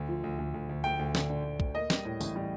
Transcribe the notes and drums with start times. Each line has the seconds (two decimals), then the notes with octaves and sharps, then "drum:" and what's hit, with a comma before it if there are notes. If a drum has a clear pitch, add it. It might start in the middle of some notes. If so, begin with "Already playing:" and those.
Already playing: D2
0.08 F3
0.24 D2
0.38 D2
0.54 D2
0.69 D2
0.84 D2 G5
0.99 D2
1.15 D3, drum: snare
1.30 D3
1.44 D2
1.60 D2, drum: kick
1.75 A#3 D#5
1.90 G3, drum: snare
2.05 A2
2.21 A1, drum: tambourine
2.36 G3